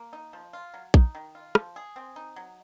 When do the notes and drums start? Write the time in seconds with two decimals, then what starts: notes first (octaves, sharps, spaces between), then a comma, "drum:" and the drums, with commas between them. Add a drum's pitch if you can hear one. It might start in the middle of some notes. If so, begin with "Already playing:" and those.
Already playing: A#3
0.13 D#4
0.33 F3
0.53 F4
0.74 F#3
0.94 D#4, drum: kick A#1
1.15 D#3
1.35 F4
1.55 F3, drum: rim click
1.76 G#4
1.96 C4
2.16 D#4
2.36 F#3